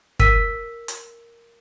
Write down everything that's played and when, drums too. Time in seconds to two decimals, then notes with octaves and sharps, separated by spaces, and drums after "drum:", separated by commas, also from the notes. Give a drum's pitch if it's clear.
0.20 A#4 E6 B6 D#7, drum: kick
0.88 drum: hi-hat